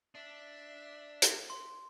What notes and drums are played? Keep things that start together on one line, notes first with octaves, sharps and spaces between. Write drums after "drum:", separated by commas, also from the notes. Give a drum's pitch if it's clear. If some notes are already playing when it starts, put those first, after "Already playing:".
D4 E5
drum: hi-hat
C6